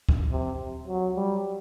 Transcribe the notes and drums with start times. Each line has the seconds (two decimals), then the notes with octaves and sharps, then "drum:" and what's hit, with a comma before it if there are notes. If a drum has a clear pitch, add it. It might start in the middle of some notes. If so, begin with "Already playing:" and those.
0.09 drum: kick D2
0.32 C3
0.87 F#3
1.16 G3